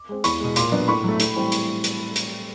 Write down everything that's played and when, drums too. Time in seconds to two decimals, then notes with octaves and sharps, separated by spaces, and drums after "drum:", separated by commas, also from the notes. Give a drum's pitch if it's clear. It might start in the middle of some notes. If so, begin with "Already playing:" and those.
Already playing: D6
0.09 G#3 C4
0.24 E2 B5 C#6, drum: hi-hat
0.40 B2 G#3
0.56 A#2 C6 D6, drum: hi-hat
0.72 F#3 B3 D4
0.88 A2 B5 C#6
1.04 F#3 A3
1.20 A2, drum: hi-hat
1.36 E3 G3 C4
1.52 drum: hi-hat
1.84 drum: hi-hat
2.16 drum: hi-hat